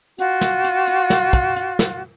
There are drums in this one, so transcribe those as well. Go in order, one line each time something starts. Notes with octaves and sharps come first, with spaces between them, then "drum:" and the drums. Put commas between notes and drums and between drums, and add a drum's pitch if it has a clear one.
F4 F#4, drum: hi-hat
drum: snare
drum: hi-hat
drum: hi-hat
drum: snare
drum: kick, hi-hat
drum: hi-hat
drum: snare